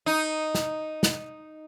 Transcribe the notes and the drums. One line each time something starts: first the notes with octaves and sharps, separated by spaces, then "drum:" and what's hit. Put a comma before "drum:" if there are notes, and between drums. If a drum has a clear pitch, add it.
D#4
drum: snare
drum: snare